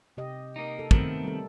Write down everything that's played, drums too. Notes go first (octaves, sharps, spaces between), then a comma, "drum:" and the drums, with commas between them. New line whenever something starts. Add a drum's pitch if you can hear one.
C3 G4 D#5
A#3 D#4
A4
D#3 A3 B3 C4 A#4, drum: kick
G3 A4